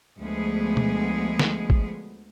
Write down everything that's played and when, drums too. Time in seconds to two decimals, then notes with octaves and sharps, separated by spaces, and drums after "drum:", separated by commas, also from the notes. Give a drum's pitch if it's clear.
0.18 D2 F3 G#3 A3 B3 G#4
0.77 drum: tom B2
1.39 drum: snare
1.70 drum: kick A1